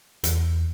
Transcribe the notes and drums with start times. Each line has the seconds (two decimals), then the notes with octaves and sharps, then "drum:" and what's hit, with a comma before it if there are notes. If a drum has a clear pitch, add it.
0.24 E2, drum: hi-hat